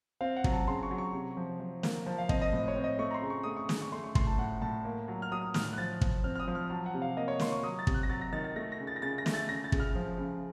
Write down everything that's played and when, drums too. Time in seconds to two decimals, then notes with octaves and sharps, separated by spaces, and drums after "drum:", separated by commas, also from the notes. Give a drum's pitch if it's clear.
0.21 C4 F5
0.37 F#5
0.44 F#3, drum: kick
0.52 A5
0.68 C#3 C6
0.83 C#6
0.91 F#3
0.98 C#6
1.13 C3
1.37 F3
1.60 F3
1.83 A#3, drum: snare
2.06 F3 A5
2.18 F5
2.29 C4 D#5, drum: kick
2.42 D#5
2.53 A2
2.68 C#5
2.76 C4
2.84 D#5
2.99 A3 C#6
3.11 A#5
3.14 C6
3.22 C#3
3.30 C#6
3.43 A3 D#6
3.57 C#6
3.69 C#3, drum: snare
3.82 C#6
3.92 A3 C6
4.04 C#6
4.15 A2 C6, drum: kick
4.27 A5
4.38 A2 F#5
4.62 A2 A5
4.85 A#3
5.08 F#3
5.22 F6
5.32 F#3 D#6
5.54 A2 F6, drum: snare
5.73 F#6
5.78 F3 A6
6.01 F3, drum: kick
6.24 C4 F6
6.35 F6
6.40 D#6
6.48 F3
6.55 F6
6.70 F#3 A5
6.86 F#5
6.94 C3
7.02 F5
7.17 A#3 D#5
7.28 C#5
7.40 A#3 C6, drum: snare
7.52 C#6
7.63 F#3 D#6
7.79 A6
7.87 C3, drum: kick
7.94 F#6
8.03 A#6
8.09 F#3 A6
8.21 A#6
8.33 D#3 A6
8.44 A6
8.56 A3 A#6
8.72 A#6
8.80 C#3
8.87 A6
8.96 A#6
9.02 C#3 A6
9.18 A#6
9.26 A3, drum: snare
9.34 A6
9.49 C#3 A#6
9.64 A6
9.72 C#3, drum: kick
9.80 F6
9.95 F3
10.18 C#3